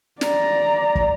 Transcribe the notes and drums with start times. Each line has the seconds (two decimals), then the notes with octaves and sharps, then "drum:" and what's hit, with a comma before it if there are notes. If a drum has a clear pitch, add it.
0.21 D5 A#5, drum: snare
0.95 drum: kick